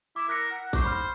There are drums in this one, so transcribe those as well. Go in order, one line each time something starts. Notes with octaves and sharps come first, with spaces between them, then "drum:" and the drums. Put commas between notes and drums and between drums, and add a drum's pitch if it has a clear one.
E4 D6
A#4 F#6 B6 C#7
F#5
C5 C#6 D6, drum: kick A1, tambourine
B5 F6